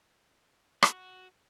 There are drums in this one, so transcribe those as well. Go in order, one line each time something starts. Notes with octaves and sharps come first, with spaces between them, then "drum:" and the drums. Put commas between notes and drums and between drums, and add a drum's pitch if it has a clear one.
F#4, drum: rim click